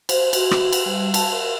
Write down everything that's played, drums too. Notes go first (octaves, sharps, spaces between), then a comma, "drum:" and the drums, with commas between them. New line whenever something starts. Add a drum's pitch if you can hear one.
C5, drum: cymbal
F#4, drum: cymbal
drum: rim click
drum: cymbal
G3
A5, drum: cymbal
A#4